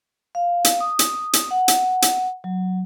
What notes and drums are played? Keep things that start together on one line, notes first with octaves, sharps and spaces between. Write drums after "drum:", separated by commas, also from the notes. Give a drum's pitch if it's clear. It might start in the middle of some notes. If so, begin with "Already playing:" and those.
F5
drum: hi-hat
D#6
drum: hi-hat
drum: hi-hat
F#5
drum: hi-hat
drum: hi-hat
F#3